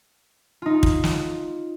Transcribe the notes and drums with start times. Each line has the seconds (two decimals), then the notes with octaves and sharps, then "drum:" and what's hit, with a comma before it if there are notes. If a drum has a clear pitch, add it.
0.62 D#4 F4
0.83 drum: kick
1.04 drum: snare